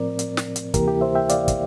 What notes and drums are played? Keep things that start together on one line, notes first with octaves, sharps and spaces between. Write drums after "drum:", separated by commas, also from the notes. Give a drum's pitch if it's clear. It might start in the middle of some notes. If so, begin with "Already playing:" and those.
Already playing: A2 F3 C4 A#4 D5
drum: hi-hat
drum: snare
drum: hi-hat
D2 C3 E3 A#3 G4 A#4, drum: kick, hi-hat
E4 G4
C5 E5
E5 G5
D5 F5, drum: hi-hat
drum: kick, hi-hat